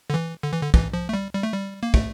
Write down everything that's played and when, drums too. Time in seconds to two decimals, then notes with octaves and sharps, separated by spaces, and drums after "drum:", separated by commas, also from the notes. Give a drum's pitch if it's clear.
0.10 D3
0.14 E3
0.43 D3
0.53 E3
0.62 D3
0.74 E3, drum: kick
0.93 F3
1.09 A3
1.13 G3
1.34 G3
1.43 A3
1.52 G3
1.83 A#3
1.94 A3, drum: kick